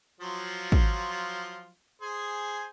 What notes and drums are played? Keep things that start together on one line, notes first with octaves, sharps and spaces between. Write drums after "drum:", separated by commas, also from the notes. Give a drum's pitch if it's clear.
F3 F#3 F4
drum: kick
G#4 C5 G#5